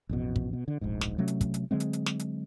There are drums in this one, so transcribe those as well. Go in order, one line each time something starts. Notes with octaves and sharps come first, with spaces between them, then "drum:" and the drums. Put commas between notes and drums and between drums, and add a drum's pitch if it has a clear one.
A1 F2 B2
drum: kick
B2
D3
D1 A#1 G#2
drum: snare
C3 F#3 A3 C#4
drum: hi-hat
drum: kick, hi-hat
drum: hi-hat
D3 F#3 G#3 C4
drum: hi-hat
drum: hi-hat
drum: snare
drum: hi-hat